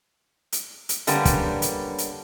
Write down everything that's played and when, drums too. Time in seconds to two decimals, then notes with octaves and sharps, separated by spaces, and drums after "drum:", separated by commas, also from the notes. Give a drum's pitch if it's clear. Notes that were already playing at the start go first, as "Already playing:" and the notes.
0.52 drum: hi-hat
0.89 drum: hi-hat
1.07 D3 G3 A#3 B3 C#4, drum: hi-hat
1.25 drum: kick, hi-hat
1.62 drum: hi-hat
1.98 drum: hi-hat